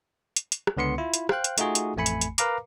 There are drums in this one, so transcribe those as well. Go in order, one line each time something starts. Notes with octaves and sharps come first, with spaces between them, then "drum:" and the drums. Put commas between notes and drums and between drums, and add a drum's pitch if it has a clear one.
drum: hi-hat
drum: hi-hat
drum: rim click
C#2 D3 B3 C6 C#7
E4 F4
drum: hi-hat
C5 F5 G5 F#6, drum: rim click
drum: hi-hat
A3 D#4 F4 F#4 G#4, drum: hi-hat
drum: hi-hat
A1 F2 A3 G#5 B5 C#7
drum: hi-hat
drum: hi-hat
A#4 B4 F5 A#5 D6, drum: hi-hat